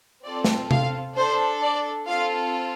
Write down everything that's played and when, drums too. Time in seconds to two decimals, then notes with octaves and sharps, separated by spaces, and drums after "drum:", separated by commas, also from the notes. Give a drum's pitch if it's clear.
0.24 C4 F4 A4 D5
0.44 drum: snare
0.71 F5, drum: tom C3
1.16 D4 A4 C5
1.62 D5
2.08 C4 F4 A4 F5